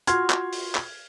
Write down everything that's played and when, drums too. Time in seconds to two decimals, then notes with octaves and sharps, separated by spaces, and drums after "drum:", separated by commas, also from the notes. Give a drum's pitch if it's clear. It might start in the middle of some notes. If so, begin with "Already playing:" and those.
0.07 F4 F#4 C6 F6 G#6, drum: hi-hat
0.30 drum: clap
0.53 drum: open hi-hat
0.75 drum: clap